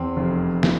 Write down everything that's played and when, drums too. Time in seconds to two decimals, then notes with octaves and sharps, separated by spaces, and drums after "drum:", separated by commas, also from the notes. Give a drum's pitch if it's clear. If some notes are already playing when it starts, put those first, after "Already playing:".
Already playing: E2 C4
0.17 F1
0.63 E3, drum: snare